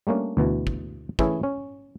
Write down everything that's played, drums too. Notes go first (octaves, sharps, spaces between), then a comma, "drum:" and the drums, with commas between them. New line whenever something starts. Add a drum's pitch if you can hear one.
G3 A3 A#3 C#4 D4
D2 B2 E3
drum: kick
E3 A3 C#4 E4 G#4, drum: kick
C#4